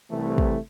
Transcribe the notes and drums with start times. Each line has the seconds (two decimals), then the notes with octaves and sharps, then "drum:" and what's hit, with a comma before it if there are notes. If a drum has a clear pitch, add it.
0.10 C2 C3 E3 A3
0.38 drum: kick